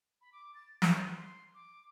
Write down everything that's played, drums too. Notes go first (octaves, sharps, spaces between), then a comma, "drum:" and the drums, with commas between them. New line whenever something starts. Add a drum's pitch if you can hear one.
B5
D6
A6
C6, drum: snare
C6
D6